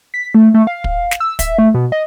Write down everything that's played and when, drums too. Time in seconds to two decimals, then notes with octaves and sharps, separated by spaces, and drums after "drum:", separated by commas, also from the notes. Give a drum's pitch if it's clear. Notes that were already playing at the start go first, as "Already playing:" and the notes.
0.14 B6
0.34 A3
0.54 A3
0.67 F5
0.84 drum: kick
1.11 drum: snare
1.20 E6
1.39 E5, drum: kick, hi-hat
1.58 A3
1.74 B2
1.92 D#5